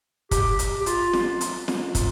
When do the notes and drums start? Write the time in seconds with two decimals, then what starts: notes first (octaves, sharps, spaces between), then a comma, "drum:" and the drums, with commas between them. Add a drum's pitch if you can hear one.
0.31 G4, drum: kick, hi-hat
0.59 drum: hi-hat
0.81 G4
0.86 F4, drum: hi-hat
1.13 drum: snare
1.41 drum: hi-hat
1.68 drum: snare
1.95 F4, drum: kick, hi-hat